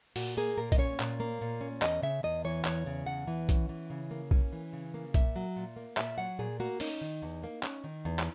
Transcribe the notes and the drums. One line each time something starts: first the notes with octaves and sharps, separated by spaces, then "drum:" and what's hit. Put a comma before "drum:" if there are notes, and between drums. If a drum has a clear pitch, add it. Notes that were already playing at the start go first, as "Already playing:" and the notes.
A#2 F#4, drum: open hi-hat
A#3 G#4
A#2 A#4
D#5, drum: kick B1, hi-hat
C#4 C#5
A#2, drum: clap
A#3
A#2
C#4
E2 D#5, drum: clap
C#3 E5
E2 D#5
E3 C#5
E2 C#5, drum: clap
C#3
E2 F#5
E3
C#4, drum: kick B1, hi-hat
E3
C#3
A#3
C#4, drum: kick B1
E3
C#3
A#3
A#2 E5, drum: kick B1, hi-hat
F#3
A#2
A#3
A#2 E5, drum: clap
F#3 F#5
A#2 G#4
A#3 F#4
C#4 D#4, drum: open hi-hat
D#3
E2
A#3
C#4, drum: clap
D#3
E2
drum: clap